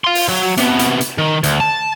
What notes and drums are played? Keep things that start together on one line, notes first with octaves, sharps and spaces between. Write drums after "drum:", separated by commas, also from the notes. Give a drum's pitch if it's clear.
F5 C6
drum: open hi-hat
F#3
C3 B3, drum: hi-hat
drum: hi-hat
drum: hi-hat
D#3
D2, drum: hi-hat
A5